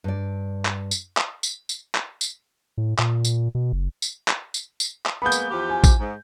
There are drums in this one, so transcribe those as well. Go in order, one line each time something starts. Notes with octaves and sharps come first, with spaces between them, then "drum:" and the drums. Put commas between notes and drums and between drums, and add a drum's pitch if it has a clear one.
G2 D5
drum: clap
drum: tambourine
drum: clap
drum: tambourine
drum: tambourine
drum: clap
drum: tambourine
A2
A#2, drum: clap
drum: tambourine
B2
F#1
drum: tambourine
drum: clap
drum: tambourine
drum: tambourine
drum: clap
G#3 A#3 B3 B5 G6
drum: tambourine
E2 F3 G4
G#5
drum: kick A1, tambourine
G#2